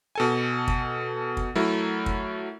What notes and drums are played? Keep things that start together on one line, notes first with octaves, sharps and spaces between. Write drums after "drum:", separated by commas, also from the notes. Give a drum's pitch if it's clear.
B2 A4 G#5
drum: kick
drum: kick
F#3 A3 E4 A#4
drum: kick